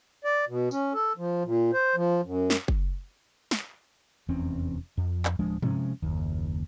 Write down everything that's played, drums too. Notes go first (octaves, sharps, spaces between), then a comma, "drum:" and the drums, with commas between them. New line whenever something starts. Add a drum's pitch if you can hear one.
D5
B2
C#4, drum: tambourine
A4
F3
A#2
C5
F3
F#2
drum: snare
drum: kick F#1
drum: snare
F1 E2 C4 C#4
F2
drum: clap
D1 F3 G#3 D4
C3 F3 G#3 C#4, drum: tom
F#1 D#2